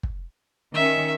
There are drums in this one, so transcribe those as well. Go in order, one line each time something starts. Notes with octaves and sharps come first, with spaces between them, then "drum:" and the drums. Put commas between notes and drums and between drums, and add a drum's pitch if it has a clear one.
drum: kick
D#3 C#4 E5